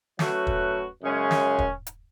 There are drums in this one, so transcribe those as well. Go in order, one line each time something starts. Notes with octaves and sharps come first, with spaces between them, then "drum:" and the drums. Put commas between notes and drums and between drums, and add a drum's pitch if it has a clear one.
F#3 A3 C#4 F#4 B4, drum: snare
drum: kick
F#2 C#3 G#3 C#4
drum: snare
drum: kick
drum: hi-hat